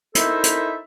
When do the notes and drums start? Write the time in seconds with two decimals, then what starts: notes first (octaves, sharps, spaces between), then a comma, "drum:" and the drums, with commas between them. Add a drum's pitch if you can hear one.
0.15 D#4 E4 A4 A#4 C5 E5, drum: hi-hat
0.44 drum: hi-hat